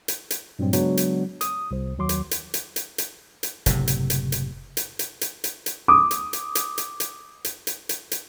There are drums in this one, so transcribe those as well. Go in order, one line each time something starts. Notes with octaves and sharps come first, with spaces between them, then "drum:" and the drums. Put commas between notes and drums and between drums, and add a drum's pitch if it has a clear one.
drum: hi-hat
drum: hi-hat
G2 A#2 F#3 G3 C4
C#3 F#3 G#3 B3 D4, drum: hi-hat
drum: hi-hat
D#6, drum: hi-hat
C2 C5
D#2 D#3 F#3 C6 D6
drum: hi-hat
drum: hi-hat
drum: hi-hat
drum: hi-hat
drum: hi-hat
drum: hi-hat
F#1 A2 C3, drum: hi-hat
drum: hi-hat
drum: hi-hat
drum: hi-hat
drum: hi-hat
drum: hi-hat
drum: hi-hat
drum: hi-hat
drum: hi-hat
D6 D#6
drum: hi-hat
drum: hi-hat
drum: hi-hat
drum: hi-hat
drum: hi-hat
drum: hi-hat
drum: hi-hat
drum: hi-hat
drum: hi-hat